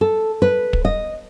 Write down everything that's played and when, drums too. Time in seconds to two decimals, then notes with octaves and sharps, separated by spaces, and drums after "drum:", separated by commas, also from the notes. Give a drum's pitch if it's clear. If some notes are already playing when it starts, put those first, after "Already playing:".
0.01 A4
0.42 B4
0.73 drum: kick
0.85 D#5